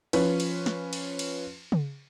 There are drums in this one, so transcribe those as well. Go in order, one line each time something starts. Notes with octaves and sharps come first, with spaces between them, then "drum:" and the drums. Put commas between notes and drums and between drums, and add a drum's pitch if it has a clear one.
F3 C#4 B4, drum: cymbal
drum: cymbal
drum: snare
drum: cymbal
drum: cymbal
drum: tom C#3